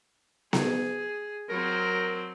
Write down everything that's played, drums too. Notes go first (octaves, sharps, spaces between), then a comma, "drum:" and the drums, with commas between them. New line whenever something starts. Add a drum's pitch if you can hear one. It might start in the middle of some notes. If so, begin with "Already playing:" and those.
G#4, drum: snare B3
F#3 C4 A#4